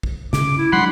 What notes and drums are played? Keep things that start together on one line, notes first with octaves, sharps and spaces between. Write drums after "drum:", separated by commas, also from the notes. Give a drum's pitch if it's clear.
drum: kick A#1
C#3 D6, drum: snare
E4
F#3 G#3 D4 F#5 B5 C6